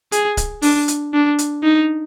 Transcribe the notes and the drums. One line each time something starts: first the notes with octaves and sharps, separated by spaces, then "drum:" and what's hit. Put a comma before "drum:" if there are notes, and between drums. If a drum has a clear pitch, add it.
G#4, drum: hi-hat
drum: kick C#1, hi-hat
D4, drum: open hi-hat
drum: hi-hat
D4
drum: hi-hat
D#4